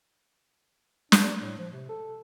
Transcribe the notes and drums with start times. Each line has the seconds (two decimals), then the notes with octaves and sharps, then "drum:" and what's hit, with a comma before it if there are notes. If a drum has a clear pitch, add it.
1.12 D4, drum: snare
1.41 A2
1.58 F3
1.73 C3
1.89 A4